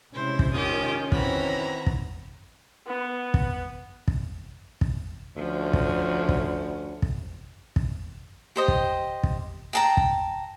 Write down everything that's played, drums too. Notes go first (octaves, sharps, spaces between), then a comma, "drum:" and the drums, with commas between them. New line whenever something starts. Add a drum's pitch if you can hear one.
C3 G#3 C#4 E4 C5
drum: kick
D#3 F4 G4 D#6
D#3 E3 C4 F#4 A#5 B5, drum: kick
drum: kick
B3
drum: kick
drum: kick
drum: kick
D2 F3 C#4
drum: kick
drum: kick
drum: kick
drum: kick
G4 C5 D#5
drum: kick
drum: kick
G5 A5 A#5
drum: kick